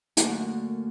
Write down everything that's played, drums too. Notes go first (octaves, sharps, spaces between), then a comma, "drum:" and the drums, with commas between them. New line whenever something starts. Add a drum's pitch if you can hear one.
F#2 D3 A3 A#3 F#4 F#5, drum: hi-hat